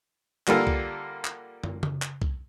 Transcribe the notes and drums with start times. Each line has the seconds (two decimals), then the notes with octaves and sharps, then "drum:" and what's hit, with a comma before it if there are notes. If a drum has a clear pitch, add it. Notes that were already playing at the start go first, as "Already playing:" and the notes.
0.47 D3 G3 A#3 F4 A4 A#4, drum: clap
0.67 drum: kick
1.25 drum: clap
1.64 drum: tom
1.83 drum: tom C#3
2.02 drum: clap
2.22 drum: kick